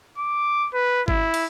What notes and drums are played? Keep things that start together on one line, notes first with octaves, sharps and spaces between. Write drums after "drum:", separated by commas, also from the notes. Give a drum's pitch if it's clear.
D6
B4
E4, drum: kick G1
drum: cymbal